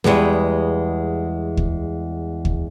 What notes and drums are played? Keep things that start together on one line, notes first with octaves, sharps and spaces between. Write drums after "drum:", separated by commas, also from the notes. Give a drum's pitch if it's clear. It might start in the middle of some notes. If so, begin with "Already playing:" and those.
E2 G3 G#3 B3, drum: snare
drum: kick D2
drum: kick D2